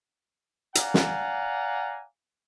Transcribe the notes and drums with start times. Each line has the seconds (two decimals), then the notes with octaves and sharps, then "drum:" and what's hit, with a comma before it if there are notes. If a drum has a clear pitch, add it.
0.75 D5 F5 F#5 G#5 A#5, drum: hi-hat
0.94 drum: snare